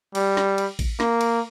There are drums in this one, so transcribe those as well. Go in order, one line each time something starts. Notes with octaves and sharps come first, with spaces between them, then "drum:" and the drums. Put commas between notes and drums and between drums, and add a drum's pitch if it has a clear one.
G3, drum: cymbal
drum: snare
drum: cymbal
drum: kick A1, cymbal
A#3, drum: snare
drum: cymbal